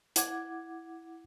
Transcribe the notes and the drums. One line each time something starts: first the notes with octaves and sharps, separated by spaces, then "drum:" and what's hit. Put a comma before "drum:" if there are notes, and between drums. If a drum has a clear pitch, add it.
E4 F#5 D6 G#6, drum: hi-hat